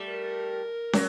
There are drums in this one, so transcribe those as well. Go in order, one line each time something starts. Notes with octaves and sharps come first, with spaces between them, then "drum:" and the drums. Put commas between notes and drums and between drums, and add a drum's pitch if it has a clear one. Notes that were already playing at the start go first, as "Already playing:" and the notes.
Already playing: G3 A3
A#4
F#3, drum: snare